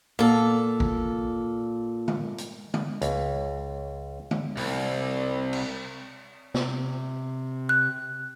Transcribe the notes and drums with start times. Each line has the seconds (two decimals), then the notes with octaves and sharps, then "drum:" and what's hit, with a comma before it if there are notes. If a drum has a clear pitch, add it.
0.19 A#2 A4
0.80 drum: kick G#1
2.08 drum: tom D3
2.38 drum: hi-hat
2.74 drum: tom D3
3.02 C#2, drum: hi-hat
4.31 drum: tom D3
4.57 C2, drum: open hi-hat
5.53 drum: cymbal
6.54 C3, drum: snare
7.69 F#6